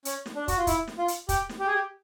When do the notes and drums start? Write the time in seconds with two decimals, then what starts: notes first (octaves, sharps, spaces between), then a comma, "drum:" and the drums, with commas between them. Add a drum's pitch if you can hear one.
0.05 C#4, drum: hi-hat
0.26 drum: snare
0.36 D4
0.48 F#4, drum: kick, hi-hat
0.57 F4
0.67 E4, drum: kick, hi-hat
0.87 drum: snare
0.98 F4
1.08 drum: hi-hat
1.29 G4, drum: kick, hi-hat
1.49 drum: snare
1.59 G4
1.67 G#4
1.74 G4